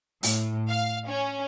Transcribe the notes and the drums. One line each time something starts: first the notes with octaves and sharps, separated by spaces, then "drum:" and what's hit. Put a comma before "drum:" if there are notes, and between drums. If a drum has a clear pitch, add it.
A2, drum: open hi-hat
F5
C#4